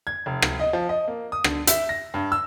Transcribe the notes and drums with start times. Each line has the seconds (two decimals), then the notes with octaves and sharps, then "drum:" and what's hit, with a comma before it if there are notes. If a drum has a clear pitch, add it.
0.07 G#6
0.26 F1
0.42 drum: rim click
0.60 D#5
0.73 F3
0.89 D#5
1.08 A#3
1.32 D#6
1.44 D3, drum: rim click
1.67 E5, drum: hi-hat
1.89 A#6
2.14 G2
2.32 E6